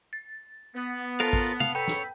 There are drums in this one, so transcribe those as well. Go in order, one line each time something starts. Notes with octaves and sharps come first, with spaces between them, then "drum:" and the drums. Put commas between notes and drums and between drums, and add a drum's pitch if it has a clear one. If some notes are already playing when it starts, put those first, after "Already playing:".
A6
B3
F4 A4 A#4 F5 A5
drum: kick
F5, drum: tom
B3 A4 C#5 G5 B5 G6
drum: snare